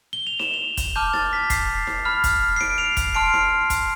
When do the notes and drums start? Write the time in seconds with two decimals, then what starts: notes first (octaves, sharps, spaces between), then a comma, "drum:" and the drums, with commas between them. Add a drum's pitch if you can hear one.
0.13 G7
0.27 F7
0.39 E7, drum: snare D#4
0.54 F7
0.77 drum: kick, hi-hat
0.96 A5 D6 F6 G6
1.13 A6, drum: snare D#4
1.33 B6
1.50 C7, drum: kick, hi-hat
1.87 drum: snare D#4
2.05 B5 F6
2.24 drum: kick, hi-hat
2.56 C7
2.61 D7, drum: snare D#4
2.78 F7
2.97 C7, drum: kick, hi-hat
3.15 A5 C6 F6 D7
3.33 drum: snare D#4
3.70 drum: kick, hi-hat